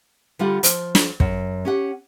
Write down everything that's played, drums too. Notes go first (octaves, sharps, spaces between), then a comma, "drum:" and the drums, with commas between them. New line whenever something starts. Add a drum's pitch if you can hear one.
D3 G3 F4 F#5
F3, drum: hi-hat
drum: snare
F#2, drum: kick
C#4 G4 F#5